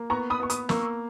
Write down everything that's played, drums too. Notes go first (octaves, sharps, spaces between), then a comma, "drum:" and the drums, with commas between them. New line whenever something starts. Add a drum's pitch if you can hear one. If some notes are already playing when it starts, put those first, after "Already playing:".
Already playing: A#3
B3 A#5 C#6
B5 D#6
B3 C#6
B5 D#6, drum: hi-hat
A#3 C#6 E6, drum: snare